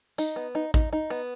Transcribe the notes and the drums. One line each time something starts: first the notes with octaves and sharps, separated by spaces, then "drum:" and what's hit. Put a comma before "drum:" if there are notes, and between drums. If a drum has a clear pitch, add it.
D#4, drum: tambourine
B3
D#4
D#4, drum: kick A1
D#4
B3